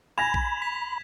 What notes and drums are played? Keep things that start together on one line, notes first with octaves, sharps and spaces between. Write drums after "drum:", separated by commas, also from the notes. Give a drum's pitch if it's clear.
G#5 B5 G#6 A#6 E7 F7
drum: kick A#1
B6